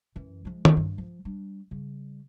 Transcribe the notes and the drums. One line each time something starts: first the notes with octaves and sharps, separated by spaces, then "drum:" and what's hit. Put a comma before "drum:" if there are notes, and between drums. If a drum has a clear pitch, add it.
F#2 E3
F3 G#3
drum: tom
G2
F3
G3 D4
C#3 G3